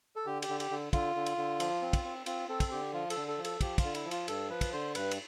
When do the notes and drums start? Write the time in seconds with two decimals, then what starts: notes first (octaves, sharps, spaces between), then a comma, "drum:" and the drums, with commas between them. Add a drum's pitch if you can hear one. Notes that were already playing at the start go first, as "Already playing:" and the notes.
0.16 A4
0.26 D3 G4
0.42 G4, drum: cymbal
0.49 D3
0.60 G4, drum: cymbal
0.70 D3
0.93 D3 F4, drum: kick, cymbal
1.15 D3
1.26 drum: cymbal
1.37 D3
1.60 F3, drum: cymbal
1.82 C4
1.93 drum: kick, cymbal
2.04 C4
2.26 C4 F4, drum: cymbal
2.49 C4 A4
2.60 drum: kick, cymbal
2.71 D3 G4
2.93 F3 F4
3.10 A4, drum: cymbal
3.17 D3
3.28 A4
3.38 F3
3.45 A4, drum: cymbal
3.61 F3 G4, drum: kick, cymbal
3.78 F4, drum: kick, cymbal
3.83 D3
3.95 E4, drum: cymbal
4.05 F3
4.11 F4, drum: cymbal
4.28 G2 A4, drum: cymbal
4.50 F3 B4
4.61 drum: kick, cymbal
4.73 D3 C5
4.95 G2 B4, drum: cymbal
5.11 drum: cymbal